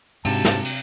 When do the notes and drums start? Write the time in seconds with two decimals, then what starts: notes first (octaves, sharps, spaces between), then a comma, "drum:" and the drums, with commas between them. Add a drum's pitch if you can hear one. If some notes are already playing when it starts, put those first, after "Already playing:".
0.25 G#2 C3 D4 F#4 G4 A5, drum: cymbal
0.45 drum: snare
0.65 drum: cymbal